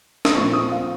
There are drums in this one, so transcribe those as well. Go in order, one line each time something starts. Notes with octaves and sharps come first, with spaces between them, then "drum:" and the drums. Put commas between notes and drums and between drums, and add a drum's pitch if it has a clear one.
D#6, drum: snare
A#2 F3 C4 C#6
D#6
F5